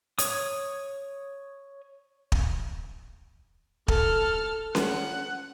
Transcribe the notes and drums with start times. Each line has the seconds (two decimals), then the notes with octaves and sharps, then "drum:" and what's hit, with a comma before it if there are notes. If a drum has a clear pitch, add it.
0.19 C#5 D#6, drum: hi-hat
2.32 drum: kick
3.88 A4 F6, drum: kick
4.75 F#5, drum: snare C#4